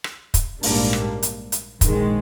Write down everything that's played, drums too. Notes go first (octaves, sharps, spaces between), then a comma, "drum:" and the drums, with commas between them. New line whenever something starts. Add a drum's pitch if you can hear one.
drum: rim click
drum: kick, hi-hat
A#1 G#2 G3 A#3 D4, drum: open hi-hat
drum: rim click
drum: hi-hat
drum: hi-hat
A#1 G#2 D#3 G#3, drum: kick, hi-hat